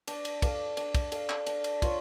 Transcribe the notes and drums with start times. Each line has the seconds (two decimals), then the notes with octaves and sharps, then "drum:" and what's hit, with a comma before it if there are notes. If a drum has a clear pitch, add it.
0.07 D4, drum: cymbal
0.25 drum: cymbal
0.42 A4 D5 F5, drum: kick, cymbal
0.77 D4, drum: cymbal
0.95 drum: kick, cymbal
1.12 A4 D5 F5, drum: cymbal
1.29 drum: clap
1.46 D4, drum: cymbal
1.64 drum: cymbal
1.82 F4 A4 C#5, drum: kick, cymbal